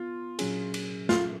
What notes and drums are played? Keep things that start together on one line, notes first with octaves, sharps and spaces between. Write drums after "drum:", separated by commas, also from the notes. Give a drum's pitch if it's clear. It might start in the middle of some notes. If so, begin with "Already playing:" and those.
Already playing: B3 F4
A#2 F#3 C#4 G#4, drum: cymbal
drum: cymbal
F4, drum: snare